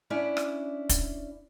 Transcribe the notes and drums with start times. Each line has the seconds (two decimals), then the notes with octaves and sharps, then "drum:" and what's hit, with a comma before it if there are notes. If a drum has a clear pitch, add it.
0.10 C#4 D4 E4 D5
0.37 drum: rim click
0.89 drum: kick, hi-hat